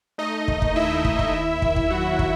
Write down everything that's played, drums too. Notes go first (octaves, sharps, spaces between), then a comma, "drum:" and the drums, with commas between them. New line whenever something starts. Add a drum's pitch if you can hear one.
A3 D#4 D#5
D#2, drum: kick
drum: kick
D#2 E4 E5
D#2, drum: kick
drum: kick
D#2
D#3, drum: kick
drum: kick
F#3 F#4 F#5
D#3, drum: kick